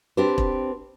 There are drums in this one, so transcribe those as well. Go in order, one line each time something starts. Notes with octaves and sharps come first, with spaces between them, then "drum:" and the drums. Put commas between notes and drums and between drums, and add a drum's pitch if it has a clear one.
C4 D4 G4 B4 C5
drum: kick E1